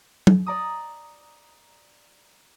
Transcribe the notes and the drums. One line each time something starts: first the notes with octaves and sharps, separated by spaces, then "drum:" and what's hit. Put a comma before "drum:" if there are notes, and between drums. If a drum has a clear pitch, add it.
drum: tom F#3
D5 A#5 D#6